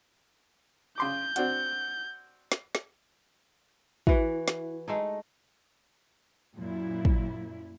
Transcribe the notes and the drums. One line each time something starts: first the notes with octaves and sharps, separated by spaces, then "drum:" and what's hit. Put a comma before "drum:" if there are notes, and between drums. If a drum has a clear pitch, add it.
C#3 C6 D6 G6
C4 D4 F#4, drum: hi-hat
drum: snare
drum: snare
E3 E4 F#4, drum: kick
drum: snare
G#3 A3 D#4
F#2 A#2 E4
drum: kick